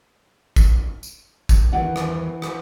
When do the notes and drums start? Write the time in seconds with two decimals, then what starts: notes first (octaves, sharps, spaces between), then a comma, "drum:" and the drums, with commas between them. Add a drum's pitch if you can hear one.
0.56 drum: kick, tambourine
1.03 drum: tambourine
1.49 drum: kick, tambourine
1.73 E2 G2 D#3 E3 F#5
1.96 drum: rim click
2.42 drum: rim click